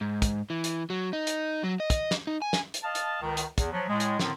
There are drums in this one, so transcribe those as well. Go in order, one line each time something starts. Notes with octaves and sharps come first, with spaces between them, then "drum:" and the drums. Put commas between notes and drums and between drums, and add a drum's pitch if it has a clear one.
G#2
drum: kick, hi-hat
E3
drum: hi-hat
F#3
D#4
drum: hi-hat
F#3
D#5
drum: kick, hi-hat
drum: snare
D#4
G#5
drum: snare
drum: hi-hat
D#5 F5 A5
drum: hi-hat
C#2 D#3
drum: hi-hat
E2, drum: kick, hi-hat
F3 F#3
A2 G#3
drum: hi-hat
A2 D3 D#3 F3 C4, drum: snare